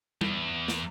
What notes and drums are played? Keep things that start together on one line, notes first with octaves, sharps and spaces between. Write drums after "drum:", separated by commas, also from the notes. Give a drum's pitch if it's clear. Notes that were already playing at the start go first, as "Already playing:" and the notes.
E2, drum: tom G3
drum: snare